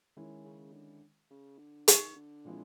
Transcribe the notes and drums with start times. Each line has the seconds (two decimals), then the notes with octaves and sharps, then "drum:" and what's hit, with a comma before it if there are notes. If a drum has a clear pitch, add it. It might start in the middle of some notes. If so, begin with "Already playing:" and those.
0.16 D#3 G#3 C#4 E4
0.45 C#3
0.73 D3
1.30 C#3
1.58 D3
1.88 D#3, drum: hi-hat
2.16 D3
2.45 A#2 F3 G#3 C4 E4